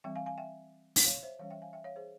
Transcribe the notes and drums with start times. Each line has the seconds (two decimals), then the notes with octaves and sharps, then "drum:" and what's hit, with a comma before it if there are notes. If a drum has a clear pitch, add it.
0.04 E3 G3 C4 E5 G5
0.16 F5 G#5
0.26 F5 G#5
0.38 E5 G5
0.96 drum: open hi-hat
1.06 C#5 F5
1.23 C5 E5
1.39 E3 G3 C#4 C#5 F5
1.50 E5 G5
1.62 F5 G#5
1.73 E5 G5
1.84 C#5 F5
1.96 G#4 C5